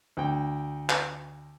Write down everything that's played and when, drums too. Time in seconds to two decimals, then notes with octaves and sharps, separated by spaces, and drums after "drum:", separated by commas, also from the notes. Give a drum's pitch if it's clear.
0.17 D2 G5
0.89 drum: clap